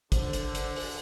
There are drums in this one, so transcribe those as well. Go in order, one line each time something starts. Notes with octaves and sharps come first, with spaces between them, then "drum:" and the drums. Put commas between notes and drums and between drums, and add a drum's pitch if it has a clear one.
D3 C5, drum: kick, hi-hat
drum: hi-hat
drum: hi-hat
drum: open hi-hat